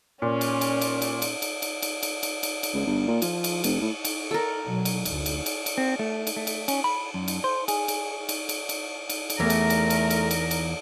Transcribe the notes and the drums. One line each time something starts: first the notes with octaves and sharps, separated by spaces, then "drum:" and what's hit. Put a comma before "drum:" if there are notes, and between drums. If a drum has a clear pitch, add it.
A#2 C#4
drum: cymbal
drum: cymbal
drum: cymbal
drum: cymbal
drum: cymbal
drum: cymbal
drum: cymbal
drum: cymbal
drum: cymbal
drum: cymbal
drum: cymbal
drum: cymbal
C#2
G1
A#2
F3, drum: cymbal
drum: cymbal
F1, drum: cymbal
A2
drum: cymbal
A4 A#4
B2 F#3
drum: cymbal
F#1 D2, drum: cymbal
drum: cymbal
drum: cymbal
drum: cymbal
C4
A3
drum: cymbal
A3
drum: cymbal
C#4, drum: cymbal
B5
F#2
drum: cymbal
C5
G#4, drum: cymbal
drum: cymbal
drum: cymbal
drum: cymbal
drum: cymbal
drum: cymbal
drum: cymbal
E2 A3 A#4
drum: cymbal
drum: cymbal
drum: cymbal
drum: cymbal
drum: cymbal
drum: cymbal